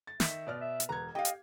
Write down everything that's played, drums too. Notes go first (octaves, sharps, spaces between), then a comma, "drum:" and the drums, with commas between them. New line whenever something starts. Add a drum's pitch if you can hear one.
A6
D#3 E5 B6, drum: snare
B2 D5 F6
E5
drum: hi-hat
E1 B4 A#5 G#6
G4 D#5 F5 G5
drum: hi-hat